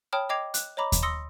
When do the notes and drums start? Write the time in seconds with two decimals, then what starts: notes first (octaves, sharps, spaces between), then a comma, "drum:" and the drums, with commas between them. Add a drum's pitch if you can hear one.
0.13 C#5 G5 A5 B5 D#6 F6
0.29 D#5 G5 D6 G#6 C7 F7
0.54 F#6, drum: hi-hat
0.77 C#5 D#5 A#5 B5 D6
0.92 drum: kick D#2, hi-hat
1.03 C6 D#6 E6 A#6 C#7